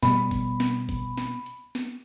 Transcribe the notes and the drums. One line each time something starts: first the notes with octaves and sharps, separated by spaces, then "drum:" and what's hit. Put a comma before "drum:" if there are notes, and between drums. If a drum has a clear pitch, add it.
B2 G3 B3 B5, drum: snare
drum: kick G1, hi-hat
drum: snare
drum: kick G1, hi-hat
drum: snare
drum: hi-hat
drum: snare